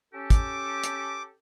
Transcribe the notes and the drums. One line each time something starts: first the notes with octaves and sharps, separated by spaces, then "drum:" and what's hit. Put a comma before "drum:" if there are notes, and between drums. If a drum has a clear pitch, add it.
C#4 G4 A4
D6, drum: kick, hi-hat
drum: hi-hat